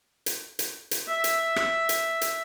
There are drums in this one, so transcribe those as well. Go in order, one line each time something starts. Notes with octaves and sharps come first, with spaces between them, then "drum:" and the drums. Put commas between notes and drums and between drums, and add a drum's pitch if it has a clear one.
drum: hi-hat
drum: hi-hat
drum: hi-hat
E5
drum: hi-hat
drum: rim click
drum: hi-hat
drum: hi-hat